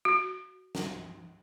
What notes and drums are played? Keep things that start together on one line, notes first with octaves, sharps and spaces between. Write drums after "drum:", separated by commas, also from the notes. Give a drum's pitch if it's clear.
F#4
drum: snare